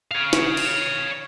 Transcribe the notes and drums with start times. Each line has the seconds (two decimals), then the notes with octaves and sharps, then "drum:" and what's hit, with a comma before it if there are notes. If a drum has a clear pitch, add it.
0.11 C#5 F5
0.33 drum: snare
0.57 drum: cymbal